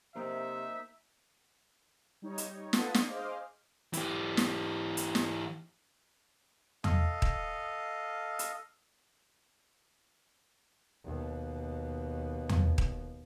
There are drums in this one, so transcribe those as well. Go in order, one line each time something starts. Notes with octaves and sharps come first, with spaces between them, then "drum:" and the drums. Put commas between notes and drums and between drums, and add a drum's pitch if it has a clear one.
C3 A#3 D#4 A#4 C5 E5
G3 D#4 C#5
drum: hi-hat
F4 A4 B4 F#5 A5 D#6, drum: snare
drum: snare
G#4 C5 D#5 F5 D6 F6
E3 G4, drum: hi-hat
drum: snare
drum: hi-hat
drum: snare
A4 D#5 F5, drum: tom E2
drum: kick D#1
drum: hi-hat
D#2 B2
drum: tom E2
drum: kick D#1